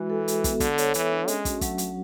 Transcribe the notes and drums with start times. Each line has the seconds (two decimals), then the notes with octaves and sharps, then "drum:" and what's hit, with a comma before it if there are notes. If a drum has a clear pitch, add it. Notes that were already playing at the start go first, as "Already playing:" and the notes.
Already playing: E3 G#3 F#4
0.10 A4
0.28 E5, drum: hi-hat
0.44 B3, drum: kick, hi-hat
0.60 D3 A4, drum: kick, hi-hat
0.78 C#5, drum: hi-hat
0.94 E3 E5, drum: hi-hat
1.12 D4
1.28 G#3 C#4, drum: hi-hat
1.45 F#4, drum: kick, hi-hat
1.61 F#3 A3, drum: kick, hi-hat
1.78 F#3, drum: hi-hat